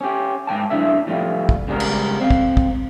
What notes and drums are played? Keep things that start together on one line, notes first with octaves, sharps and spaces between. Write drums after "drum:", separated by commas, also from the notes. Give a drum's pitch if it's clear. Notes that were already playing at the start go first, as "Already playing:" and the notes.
C#4 G4
G#2 F3 G5 A5
F#2 A2 E3 D4 E4 E5
A2 F3 G3 A3 F4
drum: kick
C#3 G3 G#3 B3 A#4
drum: cymbal
C4 F5
drum: kick
drum: kick